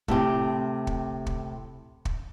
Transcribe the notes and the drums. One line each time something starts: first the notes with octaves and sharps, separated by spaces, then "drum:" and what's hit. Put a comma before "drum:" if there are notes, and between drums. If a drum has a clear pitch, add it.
A2 C3 G4, drum: kick
drum: kick
drum: kick
drum: kick